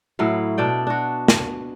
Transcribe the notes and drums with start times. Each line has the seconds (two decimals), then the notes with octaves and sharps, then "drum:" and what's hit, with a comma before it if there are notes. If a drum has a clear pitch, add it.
0.19 A2 F#3 E4 F5
0.58 B2 D4 D5 G5
0.87 D4 F#4
1.28 drum: snare